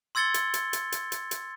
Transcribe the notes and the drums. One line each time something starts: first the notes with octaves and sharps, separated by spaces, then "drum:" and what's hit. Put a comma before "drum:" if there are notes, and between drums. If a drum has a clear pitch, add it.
C6 E6 G#6 A6 C#7 G7
drum: hi-hat
drum: hi-hat
drum: hi-hat
drum: hi-hat
drum: hi-hat
drum: hi-hat